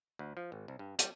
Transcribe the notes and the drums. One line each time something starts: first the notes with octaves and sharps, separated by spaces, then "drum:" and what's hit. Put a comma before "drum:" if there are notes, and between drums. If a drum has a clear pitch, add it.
D2
F3
G#1
C2
G2
G3, drum: hi-hat